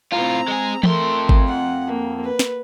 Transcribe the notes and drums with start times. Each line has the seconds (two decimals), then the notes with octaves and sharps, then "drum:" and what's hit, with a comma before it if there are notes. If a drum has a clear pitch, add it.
0.12 A2 C4 F4 A#5
0.48 G#3 G#4
0.83 F2 A3 A#4 C6, drum: tom E3
1.29 drum: kick G#1
1.47 F#5
1.87 A#3
2.24 B4
2.39 drum: snare